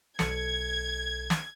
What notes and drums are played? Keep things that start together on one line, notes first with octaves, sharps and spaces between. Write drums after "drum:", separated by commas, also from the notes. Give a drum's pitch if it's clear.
B1 A4 G#6 C#7, drum: snare
drum: snare